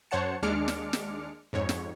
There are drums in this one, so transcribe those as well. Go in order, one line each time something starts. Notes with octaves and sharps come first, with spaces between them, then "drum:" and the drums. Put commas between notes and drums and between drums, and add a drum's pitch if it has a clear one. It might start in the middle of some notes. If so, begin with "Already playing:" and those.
F#2 C5 C#5 F#5 A5 C#7
D#2 G#3 D4 D6 F6 C#7
drum: snare
drum: snare
F2 G#2 C#5
drum: snare